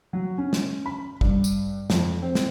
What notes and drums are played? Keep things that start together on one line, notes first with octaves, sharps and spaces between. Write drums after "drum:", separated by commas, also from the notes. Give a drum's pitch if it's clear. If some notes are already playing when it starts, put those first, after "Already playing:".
F#3
C#4
drum: snare
B5
G2, drum: kick
drum: tambourine
F2, drum: snare
C4
drum: snare